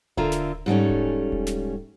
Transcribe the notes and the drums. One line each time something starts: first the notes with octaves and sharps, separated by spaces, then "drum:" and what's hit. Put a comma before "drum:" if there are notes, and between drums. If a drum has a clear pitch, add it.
D3 F4 A#4 E5, drum: kick D#1
drum: snare
G#2 G3 A3 C#4
drum: kick D#1
drum: kick D#1
drum: snare